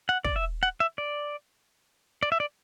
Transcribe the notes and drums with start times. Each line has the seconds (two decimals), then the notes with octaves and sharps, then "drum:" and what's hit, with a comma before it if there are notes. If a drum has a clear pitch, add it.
0.09 F#5
0.25 D5, drum: kick
0.36 E5
0.63 F#5
0.80 E5
0.98 D5
2.23 D5
2.32 E5
2.40 D5